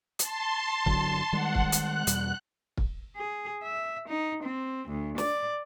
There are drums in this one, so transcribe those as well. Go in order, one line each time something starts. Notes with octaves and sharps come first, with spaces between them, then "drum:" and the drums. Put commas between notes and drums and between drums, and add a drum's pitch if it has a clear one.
A5 C6, drum: hi-hat
G1 D3 F#3, drum: kick
D#3 G3 G#3 F#5
drum: kick
F#6, drum: hi-hat
E2 B2 G3, drum: hi-hat
drum: kick
G#4
E5
D#4
C4
D2
D5, drum: snare